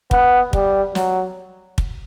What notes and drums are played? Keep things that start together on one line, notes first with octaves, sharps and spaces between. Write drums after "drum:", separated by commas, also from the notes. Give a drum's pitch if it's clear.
B3, drum: kick
G3, drum: kick
F#3, drum: snare
drum: kick